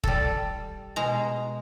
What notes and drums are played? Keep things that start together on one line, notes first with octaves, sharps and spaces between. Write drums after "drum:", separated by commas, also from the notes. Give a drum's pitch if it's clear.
G3 A4, drum: kick
B2 G#3 A#5